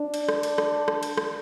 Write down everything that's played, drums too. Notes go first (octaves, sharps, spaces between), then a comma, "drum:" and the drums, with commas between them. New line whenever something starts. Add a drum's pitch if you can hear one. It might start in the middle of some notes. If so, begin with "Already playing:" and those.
Already playing: D4
drum: cymbal
drum: rim click
drum: cymbal
drum: rim click
drum: rim click
drum: cymbal
drum: rim click